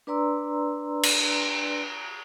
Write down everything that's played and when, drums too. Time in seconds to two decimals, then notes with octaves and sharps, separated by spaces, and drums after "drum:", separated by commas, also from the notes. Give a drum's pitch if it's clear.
0.07 D4 B4 D5 A#5 C6 E6
1.03 drum: cymbal